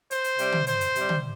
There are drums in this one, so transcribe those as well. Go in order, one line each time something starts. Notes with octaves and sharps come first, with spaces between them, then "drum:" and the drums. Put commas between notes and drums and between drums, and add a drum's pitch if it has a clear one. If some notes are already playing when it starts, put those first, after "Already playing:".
C5, drum: hi-hat
drum: hi-hat
C3 G3, drum: hi-hat
drum: tom
C5, drum: hi-hat
drum: hi-hat
C3 G3, drum: hi-hat
drum: tom